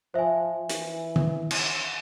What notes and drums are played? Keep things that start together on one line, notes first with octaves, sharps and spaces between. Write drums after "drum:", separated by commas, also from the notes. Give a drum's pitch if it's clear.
F3 C5 E5 G#5
E3, drum: hi-hat
drum: tom D#3
drum: cymbal